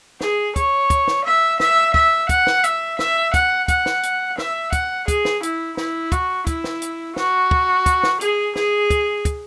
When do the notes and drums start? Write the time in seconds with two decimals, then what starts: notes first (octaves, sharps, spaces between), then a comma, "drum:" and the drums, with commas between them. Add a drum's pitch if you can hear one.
0.21 G#4, drum: snare
0.56 C#5, drum: kick, hi-hat
0.90 drum: kick, hi-hat
1.08 drum: snare
1.24 E5
1.60 E5, drum: snare
1.94 E5, drum: kick
2.29 F#5, drum: kick, hi-hat
2.47 drum: snare
2.64 E5, drum: hi-hat
2.99 E5, drum: snare
3.34 F#5, drum: kick, hi-hat
3.68 F#5, drum: kick, hi-hat
3.86 drum: snare
4.03 drum: hi-hat
4.38 E5, drum: snare
4.73 F#5, drum: kick, hi-hat
5.08 G#4, drum: kick, hi-hat
5.25 drum: snare
5.43 E4, drum: hi-hat
5.77 E4, drum: snare
6.12 F#4, drum: kick, hi-hat
6.47 E4, drum: kick, hi-hat
6.64 drum: snare
6.82 drum: hi-hat
7.16 F#4, drum: snare
7.51 drum: kick
7.86 drum: kick, hi-hat
8.03 drum: snare
8.21 G#4, drum: hi-hat
8.56 G#4, drum: snare
8.90 drum: kick, hi-hat
9.25 drum: kick, hi-hat